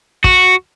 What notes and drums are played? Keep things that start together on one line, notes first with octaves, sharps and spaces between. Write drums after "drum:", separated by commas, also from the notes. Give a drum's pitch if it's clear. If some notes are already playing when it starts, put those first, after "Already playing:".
F#4, drum: kick